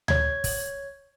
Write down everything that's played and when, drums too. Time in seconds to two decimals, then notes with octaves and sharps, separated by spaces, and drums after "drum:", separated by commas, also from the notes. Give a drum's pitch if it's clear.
0.08 C#5 G#6, drum: tom D2
0.44 drum: kick, open hi-hat